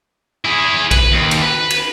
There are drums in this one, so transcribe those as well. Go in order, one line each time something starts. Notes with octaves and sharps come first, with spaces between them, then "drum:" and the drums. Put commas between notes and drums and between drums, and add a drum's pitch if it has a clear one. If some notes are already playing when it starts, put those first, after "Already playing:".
E4 G#4
B4, drum: kick A#1, cymbal
D#2
drum: cymbal
B4
drum: cymbal